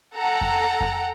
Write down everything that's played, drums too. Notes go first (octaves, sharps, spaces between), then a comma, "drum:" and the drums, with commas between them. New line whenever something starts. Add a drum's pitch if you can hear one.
A4 F#5 G5 A#5
drum: kick F2
drum: kick F2